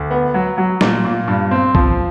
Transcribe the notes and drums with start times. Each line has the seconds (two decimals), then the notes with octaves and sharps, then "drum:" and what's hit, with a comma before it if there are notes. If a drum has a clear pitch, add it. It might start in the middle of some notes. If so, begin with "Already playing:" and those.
Already playing: D2
0.11 B3
0.34 F#3
0.58 F#3
0.81 A#2, drum: snare
1.05 A#2
1.28 G2
1.51 C4
1.75 F3, drum: kick